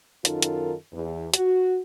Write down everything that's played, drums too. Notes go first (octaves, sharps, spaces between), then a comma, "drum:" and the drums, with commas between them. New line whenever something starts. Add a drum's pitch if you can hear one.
F#2 D#3 D#4 F4 A4 A#4, drum: hi-hat
drum: hi-hat
E2
F#4, drum: hi-hat